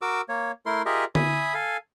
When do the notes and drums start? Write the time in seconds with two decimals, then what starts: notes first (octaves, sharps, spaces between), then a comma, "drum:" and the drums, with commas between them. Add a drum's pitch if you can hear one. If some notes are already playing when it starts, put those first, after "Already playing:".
0.02 F#4 A#4 D6 E6
0.29 A#3 C#5
0.66 A3 E4 A#4 C6
0.86 F4 G4 G#4 A#4 D#5 E5
1.15 E5 G#5 B5 D#6, drum: tom D3
1.54 A4 F5 G#5